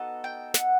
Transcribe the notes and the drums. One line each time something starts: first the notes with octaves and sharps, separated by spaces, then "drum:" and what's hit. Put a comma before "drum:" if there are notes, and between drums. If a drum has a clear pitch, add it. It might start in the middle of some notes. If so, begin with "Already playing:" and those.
Already playing: B3 D#4 F#4 A4
G5
F#5, drum: snare